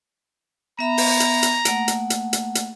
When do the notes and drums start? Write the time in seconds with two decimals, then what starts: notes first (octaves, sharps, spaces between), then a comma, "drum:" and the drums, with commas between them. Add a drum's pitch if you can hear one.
0.79 B3 E5 A#5 B5
0.98 drum: open hi-hat
1.20 drum: hi-hat
1.43 drum: hi-hat
1.65 A3 A#3 F#5, drum: hi-hat
1.88 drum: hi-hat
2.10 drum: hi-hat
2.33 drum: hi-hat
2.55 drum: hi-hat